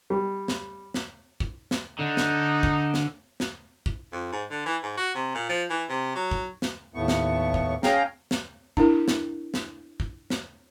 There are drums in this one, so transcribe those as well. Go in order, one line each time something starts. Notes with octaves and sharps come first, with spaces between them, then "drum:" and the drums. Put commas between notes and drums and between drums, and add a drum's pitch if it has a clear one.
G3
drum: snare
drum: snare
drum: kick
drum: snare
D3 D#4
drum: snare
drum: kick
drum: snare
drum: snare
drum: kick
F2
G#2
D3
E3
G#2
F#4
C3
A#2
F3
E3
C3
F#3
drum: kick
drum: snare
D#2 A2 A3 B3 C#6
drum: snare
drum: kick
C#4 G#4 F5 G5 A#5, drum: snare
drum: snare
D4 E4 A#4, drum: kick
drum: snare
drum: snare
drum: kick
drum: snare